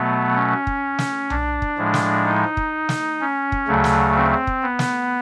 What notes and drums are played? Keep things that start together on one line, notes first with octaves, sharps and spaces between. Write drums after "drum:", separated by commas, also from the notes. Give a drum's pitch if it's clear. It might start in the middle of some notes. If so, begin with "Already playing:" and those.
Already playing: B2 F#3 A3 B3
C#4
drum: kick
drum: snare
D4, drum: tom B1
drum: kick
A2 F3 G#3
drum: snare
D#4
drum: kick
drum: snare
C#4
drum: kick
D2 C#3 F#3 A3
drum: snare
C4
drum: kick
B3
drum: snare